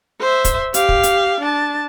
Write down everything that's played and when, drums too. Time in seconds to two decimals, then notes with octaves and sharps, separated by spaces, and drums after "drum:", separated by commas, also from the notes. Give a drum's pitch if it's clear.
0.21 C5 E5
0.45 drum: kick, hi-hat
0.74 G4 F5, drum: hi-hat
0.89 drum: kick
1.03 drum: hi-hat
1.40 D4 A5